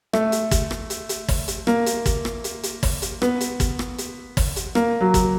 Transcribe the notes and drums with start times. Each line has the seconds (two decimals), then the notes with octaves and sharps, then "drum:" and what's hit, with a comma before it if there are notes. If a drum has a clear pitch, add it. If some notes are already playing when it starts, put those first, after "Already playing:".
0.13 A3, drum: rim click
0.32 drum: hi-hat
0.51 drum: kick, hi-hat
0.71 drum: rim click
0.90 drum: hi-hat
1.09 drum: hi-hat
1.28 drum: kick, open hi-hat
1.48 drum: hi-hat
1.67 A#3, drum: rim click
1.86 drum: hi-hat
2.06 drum: kick, hi-hat
2.25 drum: rim click
2.44 drum: hi-hat
2.63 drum: hi-hat
2.83 drum: kick, open hi-hat
3.02 drum: hi-hat
3.22 B3, drum: rim click
3.41 drum: hi-hat
3.60 drum: kick, hi-hat
3.79 drum: rim click
3.98 drum: hi-hat
4.37 drum: kick, open hi-hat
4.56 drum: hi-hat
4.75 A#3, drum: rim click
5.01 F#3
5.14 drum: kick, hi-hat